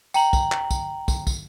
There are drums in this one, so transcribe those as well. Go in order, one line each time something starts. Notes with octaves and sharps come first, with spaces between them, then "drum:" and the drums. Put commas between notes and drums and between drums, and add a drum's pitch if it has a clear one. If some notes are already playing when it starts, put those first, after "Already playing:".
G5 A#5 F#7, drum: tambourine
drum: kick, tambourine
drum: clap
drum: kick, tambourine
drum: kick, tambourine
drum: kick, tambourine